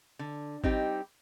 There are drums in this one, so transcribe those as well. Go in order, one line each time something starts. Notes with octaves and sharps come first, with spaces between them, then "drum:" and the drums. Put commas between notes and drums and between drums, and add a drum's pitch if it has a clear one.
D3
G3 C4 D#4 G4, drum: kick G#1